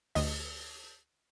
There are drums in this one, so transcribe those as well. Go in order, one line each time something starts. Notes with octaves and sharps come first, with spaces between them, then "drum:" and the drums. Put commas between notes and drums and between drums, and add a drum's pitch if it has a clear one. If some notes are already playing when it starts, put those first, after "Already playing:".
D2 D#5, drum: open hi-hat